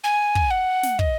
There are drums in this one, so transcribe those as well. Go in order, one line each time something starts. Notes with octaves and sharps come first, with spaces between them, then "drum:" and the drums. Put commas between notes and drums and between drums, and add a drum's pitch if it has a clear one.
G#5
drum: kick
F#5
drum: snare
D#5, drum: kick